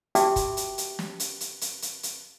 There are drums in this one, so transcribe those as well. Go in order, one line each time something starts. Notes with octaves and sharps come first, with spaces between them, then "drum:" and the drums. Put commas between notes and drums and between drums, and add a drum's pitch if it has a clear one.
F#4 G4 E5 G5 A5 D6, drum: hi-hat
drum: kick, hi-hat
drum: hi-hat
drum: hi-hat
drum: snare
drum: hi-hat
drum: hi-hat
drum: hi-hat
drum: hi-hat
drum: hi-hat